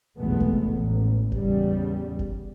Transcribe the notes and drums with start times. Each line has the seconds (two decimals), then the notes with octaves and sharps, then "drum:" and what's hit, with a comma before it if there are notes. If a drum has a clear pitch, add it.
0.18 F1 B1 E2 G#3 A3 B3
0.40 drum: kick F#1
0.65 A1
1.32 E2 C#3 G3, drum: kick F#1
2.19 drum: kick F#1